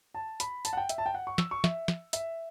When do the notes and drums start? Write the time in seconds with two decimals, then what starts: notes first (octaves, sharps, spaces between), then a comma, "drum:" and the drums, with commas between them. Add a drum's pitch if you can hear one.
0.14 A5
0.40 B5, drum: hi-hat
0.65 A5, drum: hi-hat
0.73 F#5
0.77 G5
0.89 E5, drum: hi-hat
0.98 A5
1.06 G5
1.14 F#5
1.27 C#6
1.38 E6, drum: snare
1.51 C#6
1.64 E5, drum: snare
1.88 drum: snare
2.13 E5, drum: hi-hat